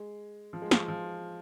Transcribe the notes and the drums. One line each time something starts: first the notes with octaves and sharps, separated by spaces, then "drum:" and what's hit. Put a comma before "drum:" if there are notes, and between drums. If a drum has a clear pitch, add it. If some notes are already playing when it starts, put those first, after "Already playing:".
Already playing: G#3
F3
G#3
F3, drum: snare
F3